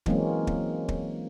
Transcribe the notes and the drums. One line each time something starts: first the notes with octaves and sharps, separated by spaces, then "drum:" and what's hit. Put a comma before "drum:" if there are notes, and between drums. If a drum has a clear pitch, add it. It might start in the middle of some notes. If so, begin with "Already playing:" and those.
E3 F#3 G#3 A#3 C4 C#4, drum: kick
drum: kick
drum: kick